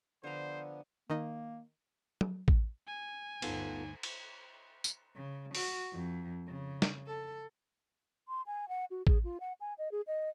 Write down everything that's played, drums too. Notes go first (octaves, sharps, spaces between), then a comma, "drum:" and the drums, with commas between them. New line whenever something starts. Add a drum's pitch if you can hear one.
D3 F3 B3 C5 A#5
D#3 A#3 D#4
drum: tom
drum: kick A1
G#5
G1 D2 B3 D#4 F4 A4, drum: cymbal
drum: cymbal
drum: tambourine
C#3
F#4, drum: open hi-hat
F2
C#3
drum: snare
A4
C6
G#5
F#5
F#4
G#4, drum: kick A1
F4
F#5
G#5
D#5
G#4
D#5